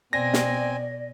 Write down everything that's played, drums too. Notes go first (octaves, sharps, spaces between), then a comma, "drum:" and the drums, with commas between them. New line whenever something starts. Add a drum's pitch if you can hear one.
B2 C4 D5 G#5 A#6
drum: snare